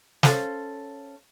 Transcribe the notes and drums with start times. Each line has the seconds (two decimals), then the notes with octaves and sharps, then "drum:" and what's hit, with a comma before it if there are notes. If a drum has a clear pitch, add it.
0.23 C#4 A4 C5 F5, drum: snare